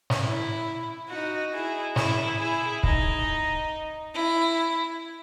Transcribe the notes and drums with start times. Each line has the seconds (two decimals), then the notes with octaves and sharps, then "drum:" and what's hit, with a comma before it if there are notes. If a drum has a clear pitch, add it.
0.10 drum: snare
0.23 E4
1.09 D#4 F#4
1.52 E4 G#4
1.96 E4 G#4, drum: snare
2.40 E4 G#4
2.83 D#4, drum: kick C#1
4.14 E4